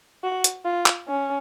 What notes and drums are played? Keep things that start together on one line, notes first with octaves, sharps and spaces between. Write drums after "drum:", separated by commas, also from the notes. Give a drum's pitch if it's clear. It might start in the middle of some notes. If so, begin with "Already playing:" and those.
F#4
drum: hi-hat
F4
drum: clap
C#4